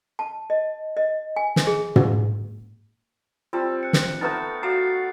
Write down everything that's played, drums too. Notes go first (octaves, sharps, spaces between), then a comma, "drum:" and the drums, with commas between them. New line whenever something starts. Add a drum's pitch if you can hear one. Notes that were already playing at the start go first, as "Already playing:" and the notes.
A5
D#5
D#5
G#5
drum: snare
G#4
drum: tom
G3 C4 F4 A5
F#6 C#7
drum: snare
A3 B3 D#4 A#4 B4 A#5 G6 A6
F#4 D5 F5 A#5 C7